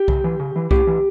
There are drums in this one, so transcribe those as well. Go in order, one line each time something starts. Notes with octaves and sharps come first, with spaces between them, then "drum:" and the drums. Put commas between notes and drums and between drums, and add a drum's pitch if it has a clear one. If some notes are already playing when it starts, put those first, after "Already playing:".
Already playing: G4
C#3, drum: kick C2
E3
C#3
E3
A2 G4, drum: kick C2
E3